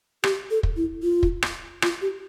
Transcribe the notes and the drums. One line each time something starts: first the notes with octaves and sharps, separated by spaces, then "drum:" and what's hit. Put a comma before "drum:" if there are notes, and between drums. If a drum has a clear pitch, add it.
G4, drum: rim click
A4
drum: kick
E4
F4
drum: kick
drum: rim click
F4, drum: rim click
G4